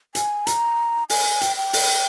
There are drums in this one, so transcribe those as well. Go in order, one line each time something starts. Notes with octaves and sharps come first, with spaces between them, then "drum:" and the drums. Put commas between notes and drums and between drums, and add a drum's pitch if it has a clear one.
G#5, drum: hi-hat
A#5, drum: hi-hat
G#5, drum: open hi-hat
G5, drum: hi-hat
G5
drum: open hi-hat